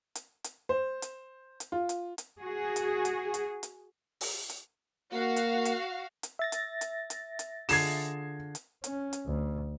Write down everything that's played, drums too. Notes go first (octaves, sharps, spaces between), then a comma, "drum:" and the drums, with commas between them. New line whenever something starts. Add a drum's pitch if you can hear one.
drum: hi-hat
drum: hi-hat
C5
drum: hi-hat
drum: hi-hat
F4
drum: hi-hat
drum: hi-hat
F#4 G#4
drum: hi-hat
drum: hi-hat
drum: hi-hat
drum: hi-hat
drum: open hi-hat
drum: hi-hat
A#3 F#4 F5
drum: hi-hat
drum: hi-hat
drum: hi-hat
E5 A6 A#6
drum: hi-hat
drum: hi-hat
drum: hi-hat
drum: hi-hat
D3 F4 G#4 G#6 C7 E7, drum: open hi-hat
drum: hi-hat
C#4, drum: hi-hat
drum: hi-hat
D2